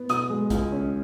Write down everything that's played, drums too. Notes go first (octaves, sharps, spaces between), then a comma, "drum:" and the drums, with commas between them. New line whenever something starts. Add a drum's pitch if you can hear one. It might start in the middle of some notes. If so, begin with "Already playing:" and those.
Already playing: B3
B2 D#6, drum: hi-hat
G#3
C#2, drum: kick A1, hi-hat
C#4